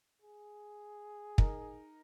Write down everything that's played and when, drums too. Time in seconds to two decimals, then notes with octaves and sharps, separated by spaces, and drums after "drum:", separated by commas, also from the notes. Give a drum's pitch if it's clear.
0.22 G#4
1.38 D#4 A#4, drum: kick